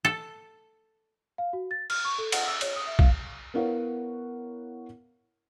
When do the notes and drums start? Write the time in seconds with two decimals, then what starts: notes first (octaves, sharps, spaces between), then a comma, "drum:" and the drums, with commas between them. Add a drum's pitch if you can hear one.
0.05 A4
1.38 F5
1.53 F#4
1.71 A6
1.90 F6, drum: cymbal
2.05 C#6
2.18 A4
2.32 F#5, drum: cymbal
2.47 E6
2.61 C#5, drum: cymbal
2.76 D#6
2.87 E5
2.99 F5, drum: kick A#1
3.54 B3 E4 A#4 C#5 F5 F#5